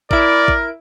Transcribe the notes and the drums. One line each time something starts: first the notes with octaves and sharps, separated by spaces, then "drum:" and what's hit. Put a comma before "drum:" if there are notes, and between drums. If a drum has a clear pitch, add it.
E4 A#4 D5 D7, drum: kick A1
drum: kick A1